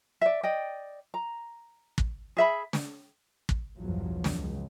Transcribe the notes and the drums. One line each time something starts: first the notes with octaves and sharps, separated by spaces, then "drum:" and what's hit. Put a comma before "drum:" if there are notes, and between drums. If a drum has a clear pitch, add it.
D5 E5
D5 D#5 G5
A#5
drum: kick
G#4 E5 B5
drum: snare
drum: kick
B1 E2 G2 F3 F#3
drum: snare
C#2